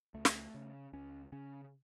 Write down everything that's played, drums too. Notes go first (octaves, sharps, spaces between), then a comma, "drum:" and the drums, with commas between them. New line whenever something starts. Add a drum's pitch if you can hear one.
C#2 A3
drum: snare
C#3
C#2 C#4
C#3 C#4